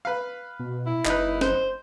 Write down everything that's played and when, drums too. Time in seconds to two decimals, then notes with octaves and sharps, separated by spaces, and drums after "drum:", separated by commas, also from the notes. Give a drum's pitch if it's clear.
0.05 B4 F5
0.59 B2
0.86 E4
1.05 F#1 D#4 B4, drum: clap
1.41 C5, drum: snare C#4